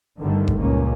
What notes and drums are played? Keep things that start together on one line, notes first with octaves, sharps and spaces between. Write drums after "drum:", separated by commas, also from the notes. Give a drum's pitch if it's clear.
G1 G2 D3 D#3 G3 A3
drum: kick F#1
C#2 G2 A#2 A#3 C#4